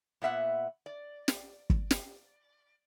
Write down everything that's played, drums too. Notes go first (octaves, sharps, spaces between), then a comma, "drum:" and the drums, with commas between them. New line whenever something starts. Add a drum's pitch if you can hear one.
A#2 B3 E5 F#5
D5
drum: snare
drum: kick
drum: snare